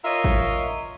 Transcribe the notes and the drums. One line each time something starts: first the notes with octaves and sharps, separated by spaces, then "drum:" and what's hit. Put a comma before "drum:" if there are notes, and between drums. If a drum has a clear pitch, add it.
F4 A#4 C#5 D#5 E5
drum: kick G#1